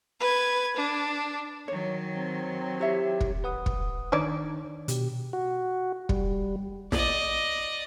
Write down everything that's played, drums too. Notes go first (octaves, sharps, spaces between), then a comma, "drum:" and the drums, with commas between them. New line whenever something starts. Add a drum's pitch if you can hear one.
B4 G#6
D4
D#3 F#3 C#5
C4
E4 G4 C#5 E5
drum: kick
B4 F#5 D#6
drum: kick
D#3 D4 D#4 C#5 D5
B2 G4, drum: hi-hat
F#4
G3, drum: kick
D5 D#5, drum: snare